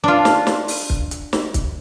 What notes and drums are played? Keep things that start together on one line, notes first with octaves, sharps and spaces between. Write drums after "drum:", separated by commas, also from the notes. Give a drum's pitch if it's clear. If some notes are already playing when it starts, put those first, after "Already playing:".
D4 F4
drum: snare
drum: snare
drum: open hi-hat
drum: kick
drum: hi-hat
drum: snare
drum: kick, hi-hat